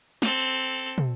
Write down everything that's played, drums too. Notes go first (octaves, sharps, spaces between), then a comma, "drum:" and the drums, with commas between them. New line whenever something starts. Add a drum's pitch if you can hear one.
C4 A4, drum: snare
drum: hi-hat
drum: hi-hat
drum: hi-hat
drum: tom